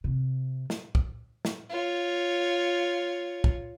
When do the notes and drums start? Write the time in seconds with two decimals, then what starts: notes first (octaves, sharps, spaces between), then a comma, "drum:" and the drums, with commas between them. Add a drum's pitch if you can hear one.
0.04 C3
0.70 drum: snare
0.95 drum: kick
1.45 drum: snare
1.70 F4 C#5
3.44 drum: kick